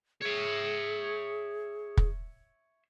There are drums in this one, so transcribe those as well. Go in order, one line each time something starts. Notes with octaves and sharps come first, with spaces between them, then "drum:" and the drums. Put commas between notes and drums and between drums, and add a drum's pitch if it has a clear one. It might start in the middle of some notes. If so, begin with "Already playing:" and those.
G#4 C#5 E5
drum: kick